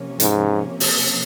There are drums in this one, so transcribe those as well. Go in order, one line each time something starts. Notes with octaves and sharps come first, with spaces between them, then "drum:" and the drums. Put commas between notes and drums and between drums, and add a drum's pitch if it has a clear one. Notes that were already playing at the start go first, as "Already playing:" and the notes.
Already playing: C3 F3 A#3 C#4
G#2, drum: hi-hat
drum: open hi-hat